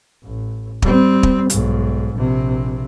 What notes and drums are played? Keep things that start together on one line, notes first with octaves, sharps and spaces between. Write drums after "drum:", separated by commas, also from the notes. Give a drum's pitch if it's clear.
A1
G3 C4, drum: kick
drum: kick
B1 G#2, drum: hi-hat
A#1 C3